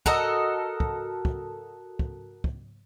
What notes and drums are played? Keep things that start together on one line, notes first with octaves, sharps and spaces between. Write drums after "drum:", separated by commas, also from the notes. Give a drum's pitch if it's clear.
F#4 A4 A#4 D#5, drum: kick
drum: kick
drum: kick
drum: kick
drum: kick